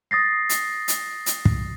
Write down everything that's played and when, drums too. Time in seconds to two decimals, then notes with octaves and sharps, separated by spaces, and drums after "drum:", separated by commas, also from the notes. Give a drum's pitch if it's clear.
0.11 D#6 A6 A#6 C7
0.49 drum: hi-hat
0.88 drum: hi-hat
1.26 drum: hi-hat
1.45 drum: kick